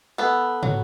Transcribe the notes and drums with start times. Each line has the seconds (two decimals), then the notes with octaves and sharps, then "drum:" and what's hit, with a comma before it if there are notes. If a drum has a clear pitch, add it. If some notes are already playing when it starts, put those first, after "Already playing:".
0.18 B3 A4
0.63 F#3, drum: tom